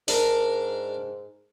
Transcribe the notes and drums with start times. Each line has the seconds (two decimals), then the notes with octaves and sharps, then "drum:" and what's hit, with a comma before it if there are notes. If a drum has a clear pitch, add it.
0.08 G#2 D4 A#4, drum: open hi-hat